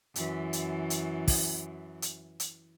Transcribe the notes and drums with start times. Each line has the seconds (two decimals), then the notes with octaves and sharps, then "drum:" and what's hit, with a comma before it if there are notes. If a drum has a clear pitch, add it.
0.15 F#2 E3, drum: hi-hat
0.53 drum: hi-hat
0.90 drum: hi-hat
1.28 drum: kick, open hi-hat
2.02 drum: hi-hat
2.40 drum: hi-hat